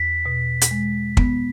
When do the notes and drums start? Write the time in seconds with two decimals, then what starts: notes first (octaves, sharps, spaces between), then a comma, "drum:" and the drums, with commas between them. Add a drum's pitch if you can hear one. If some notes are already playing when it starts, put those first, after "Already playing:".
Already playing: E2 B6
0.26 B2
0.61 drum: hi-hat
0.71 G#3
1.17 B3, drum: kick